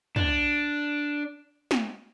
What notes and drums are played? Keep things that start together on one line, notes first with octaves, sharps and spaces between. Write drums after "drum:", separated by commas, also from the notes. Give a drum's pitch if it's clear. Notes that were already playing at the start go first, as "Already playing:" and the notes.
D4, drum: tom
drum: snare